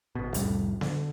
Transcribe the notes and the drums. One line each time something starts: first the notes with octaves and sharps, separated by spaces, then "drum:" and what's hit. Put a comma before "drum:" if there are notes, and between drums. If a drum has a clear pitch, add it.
G#1 B2
C2 F2 A2 G3, drum: hi-hat
D3, drum: snare B3